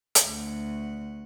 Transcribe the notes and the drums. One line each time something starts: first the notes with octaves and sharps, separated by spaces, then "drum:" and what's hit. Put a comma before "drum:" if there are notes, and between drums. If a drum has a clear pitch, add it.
drum: hi-hat
D2 F#5